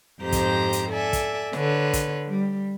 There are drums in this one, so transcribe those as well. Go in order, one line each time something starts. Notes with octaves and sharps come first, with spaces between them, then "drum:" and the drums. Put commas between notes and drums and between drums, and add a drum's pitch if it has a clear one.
F2 G#2 G4 C5 A#5 G6
drum: kick, hi-hat
drum: hi-hat
A4 D5 E5 G#5
drum: kick, hi-hat
D3 B4 C#5, drum: snare
drum: kick, hi-hat
G3